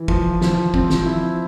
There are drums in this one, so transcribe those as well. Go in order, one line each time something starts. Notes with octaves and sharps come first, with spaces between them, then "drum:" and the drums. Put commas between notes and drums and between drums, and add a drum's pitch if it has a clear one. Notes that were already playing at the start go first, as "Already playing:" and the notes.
Already playing: E3
F3, drum: kick
F3, drum: snare
C4, drum: kick
drum: snare
E4